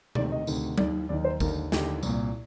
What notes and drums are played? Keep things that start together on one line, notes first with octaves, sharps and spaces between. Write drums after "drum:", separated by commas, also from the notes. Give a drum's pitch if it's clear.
D2 C3 D#3 D5, drum: tom B2
D#5
D2 C3 D#3, drum: tambourine
D#2 D#3 D5, drum: tom F#3
D#2 D#3 D5
C5
D#2 D3 A#4, drum: kick, tambourine
D#2 D3 G4, drum: snare
C2 A#2, drum: tambourine